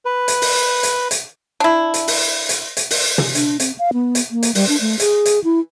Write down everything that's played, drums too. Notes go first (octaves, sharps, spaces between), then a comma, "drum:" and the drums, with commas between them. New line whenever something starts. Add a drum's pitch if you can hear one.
B4
drum: hi-hat
drum: open hi-hat
drum: hi-hat
drum: hi-hat
D4 E4
drum: hi-hat
drum: open hi-hat
drum: hi-hat
drum: hi-hat
drum: open hi-hat
drum: tom
D4, drum: hi-hat
C4, drum: hi-hat
F5
B3
drum: hi-hat
A#3
drum: hi-hat
G3, drum: open hi-hat
D4
A3
G#4, drum: hi-hat
drum: hi-hat
E4